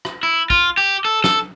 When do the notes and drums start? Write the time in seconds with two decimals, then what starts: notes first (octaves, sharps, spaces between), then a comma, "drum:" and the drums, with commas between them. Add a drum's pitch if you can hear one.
0.05 drum: rim click
0.23 E4
0.50 F4, drum: kick
0.77 G4
1.05 A4
1.24 A4, drum: snare